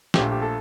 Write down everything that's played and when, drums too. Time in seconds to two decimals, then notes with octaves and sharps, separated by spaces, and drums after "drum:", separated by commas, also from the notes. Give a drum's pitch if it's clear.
0.14 A#1 A#2 A3 G4, drum: snare
0.31 G4
0.42 A4